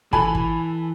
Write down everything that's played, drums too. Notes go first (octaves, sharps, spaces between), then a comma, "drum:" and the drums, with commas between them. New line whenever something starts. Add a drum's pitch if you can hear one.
E3 A4 G#5 B5, drum: kick
drum: kick